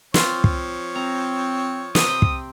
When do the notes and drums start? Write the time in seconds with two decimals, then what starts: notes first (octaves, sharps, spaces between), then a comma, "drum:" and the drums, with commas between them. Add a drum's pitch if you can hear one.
0.14 F3 C4 F4 C#5, drum: snare
0.44 drum: kick
0.95 C4 A#5
1.95 C3 C4 D#6, drum: snare
2.08 G5
2.22 drum: kick